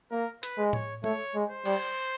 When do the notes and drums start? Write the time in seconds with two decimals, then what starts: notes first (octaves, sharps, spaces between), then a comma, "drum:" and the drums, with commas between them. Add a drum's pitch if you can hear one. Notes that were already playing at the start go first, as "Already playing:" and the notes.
0.11 A#3 A#4
0.43 B4, drum: hi-hat
0.58 G#3
0.73 C#5, drum: tom A2
1.04 A3 C#5, drum: tom
1.35 G#3
1.49 C5
1.65 G3, drum: cymbal